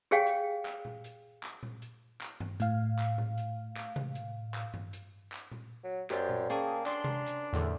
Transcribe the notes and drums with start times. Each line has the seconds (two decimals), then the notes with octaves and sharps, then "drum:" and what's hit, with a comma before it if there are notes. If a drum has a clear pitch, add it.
0.11 G4 G#4 C#5 F5 G5 G#5
0.27 drum: hi-hat
0.65 drum: clap
0.85 drum: tom A#2
1.04 drum: hi-hat
1.43 drum: clap
1.63 drum: tom A#2
1.82 drum: hi-hat
2.21 drum: clap
2.40 drum: tom G2
2.60 A2 F5, drum: hi-hat
2.99 drum: clap
3.18 drum: tom A#2
3.38 drum: hi-hat
3.76 drum: clap
3.96 drum: tom C3
4.15 drum: hi-hat
4.54 drum: clap
4.74 drum: tom G2
4.93 drum: hi-hat
5.32 drum: clap
5.51 drum: tom A#2
5.84 F#3
6.10 F#2 G4 C5 D5, drum: clap
6.29 drum: tom A#2
6.50 A#3 C#4 G#4 G5 A5, drum: hi-hat
6.86 D4 C6, drum: clap
7.04 A#4, drum: tom C3
7.26 drum: hi-hat
7.53 E2 A2 D3